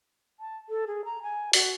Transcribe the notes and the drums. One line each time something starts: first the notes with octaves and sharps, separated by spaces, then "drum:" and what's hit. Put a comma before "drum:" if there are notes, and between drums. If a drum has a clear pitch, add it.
A5
A4
G#4
A#5
G#5
F#4, drum: open hi-hat